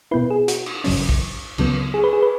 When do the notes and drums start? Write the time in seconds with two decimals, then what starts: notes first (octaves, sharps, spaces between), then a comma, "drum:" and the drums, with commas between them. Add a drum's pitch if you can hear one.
0.11 B2 B3 E4 B4
0.30 G#4
0.48 F#4, drum: hi-hat
0.66 drum: cymbal
0.84 G#1 F#2 C#3 F#3 C#4, drum: open hi-hat
1.09 drum: kick
1.58 C#2 C#3 F#3 B3, drum: cymbal
1.94 G#4
2.04 B4
2.13 G#4
2.22 B4